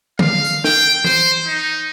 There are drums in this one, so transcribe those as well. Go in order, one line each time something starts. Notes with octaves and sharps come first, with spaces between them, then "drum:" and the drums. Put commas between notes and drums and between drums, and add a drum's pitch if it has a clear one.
F5, drum: tom D3
drum: tambourine
G5, drum: snare
C5, drum: tom E3
D#4